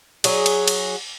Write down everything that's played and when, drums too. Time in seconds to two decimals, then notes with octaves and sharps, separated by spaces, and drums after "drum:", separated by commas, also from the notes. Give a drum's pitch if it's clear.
0.24 F#3 G#4, drum: cymbal
0.46 drum: cymbal
0.68 drum: cymbal